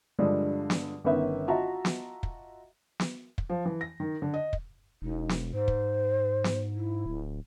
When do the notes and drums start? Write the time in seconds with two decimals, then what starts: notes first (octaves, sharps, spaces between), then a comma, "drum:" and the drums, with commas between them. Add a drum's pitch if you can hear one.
0.19 G2 D3 F3 G3 G#3
0.70 drum: snare
1.04 G1 D#3 B3 C#4 B4 E5
1.48 F4 F#4 D#5 E5 A5 A#5
1.85 drum: snare
2.23 drum: kick
3.00 drum: snare
3.38 drum: kick
3.50 F3
3.65 E3
3.81 A#6
4.00 D#3
4.22 D3
4.34 D#5
4.53 drum: kick
5.02 E1 D#4
5.29 drum: snare
5.53 G#2 C5
5.68 drum: kick
6.44 drum: snare
6.75 E4
7.06 D1